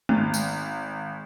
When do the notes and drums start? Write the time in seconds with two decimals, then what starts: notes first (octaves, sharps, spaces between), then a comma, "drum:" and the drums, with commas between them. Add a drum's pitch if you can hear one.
0.09 G#1, drum: tom G#3
0.34 drum: tambourine